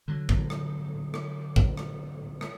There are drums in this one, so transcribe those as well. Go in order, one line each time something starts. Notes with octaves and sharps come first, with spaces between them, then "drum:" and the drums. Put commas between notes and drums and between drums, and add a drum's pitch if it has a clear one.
D3 F#3
drum: kick
drum: rim click
drum: rim click
drum: kick
drum: rim click
drum: rim click